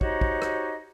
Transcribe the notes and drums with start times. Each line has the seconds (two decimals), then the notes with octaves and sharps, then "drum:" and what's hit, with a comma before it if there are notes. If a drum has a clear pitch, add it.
0.01 D#4 F#4 G4 C5 C#5 D#5, drum: kick
0.21 drum: kick
0.42 drum: rim click